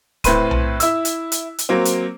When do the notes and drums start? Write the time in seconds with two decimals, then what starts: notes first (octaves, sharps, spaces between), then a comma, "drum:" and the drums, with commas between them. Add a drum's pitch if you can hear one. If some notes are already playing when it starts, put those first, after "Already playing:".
0.24 A2 C4 B4 C6 D#7, drum: kick, hi-hat
0.51 drum: tom B1
0.80 E4 E6, drum: hi-hat
1.05 drum: hi-hat
1.32 drum: hi-hat
1.58 drum: hi-hat
1.69 F#3 A#3 C4
1.85 drum: hi-hat